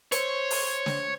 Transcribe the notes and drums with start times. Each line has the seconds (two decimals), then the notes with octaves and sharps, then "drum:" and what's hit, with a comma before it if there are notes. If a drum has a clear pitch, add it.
0.12 C5 C#5, drum: hi-hat
0.51 drum: open hi-hat
0.86 drum: snare